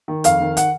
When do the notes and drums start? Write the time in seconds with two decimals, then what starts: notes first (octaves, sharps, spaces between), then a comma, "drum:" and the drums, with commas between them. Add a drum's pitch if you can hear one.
0.08 D#3
0.24 F2 F5, drum: hi-hat
0.40 D#3
0.57 F#5, drum: hi-hat